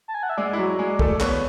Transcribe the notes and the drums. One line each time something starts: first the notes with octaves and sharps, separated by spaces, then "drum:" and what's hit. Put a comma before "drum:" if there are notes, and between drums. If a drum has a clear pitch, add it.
A5
G#5
F#5
E5
G#3 G#4 D5
E4
F#3 F#4
G#3 G#4
A3 A4, drum: kick
B3 B4 C#5, drum: clap